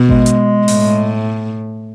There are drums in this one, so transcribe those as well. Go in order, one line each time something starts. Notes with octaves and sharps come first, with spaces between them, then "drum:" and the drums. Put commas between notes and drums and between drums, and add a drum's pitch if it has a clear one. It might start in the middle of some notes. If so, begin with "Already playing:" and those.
Already playing: B2
G#3, drum: kick A1
drum: hi-hat
A2, drum: open hi-hat